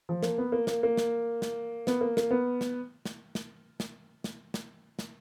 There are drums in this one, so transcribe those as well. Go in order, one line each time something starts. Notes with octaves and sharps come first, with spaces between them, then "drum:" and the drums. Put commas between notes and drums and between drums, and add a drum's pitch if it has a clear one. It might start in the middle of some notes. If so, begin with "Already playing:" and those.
F3
A#3, drum: snare
B3
A#3
A#3, drum: snare
A#3
drum: snare
drum: snare
B3, drum: snare
A#3
A#3, drum: snare
B3
drum: snare
drum: snare
drum: snare
drum: snare
drum: snare
drum: snare
drum: snare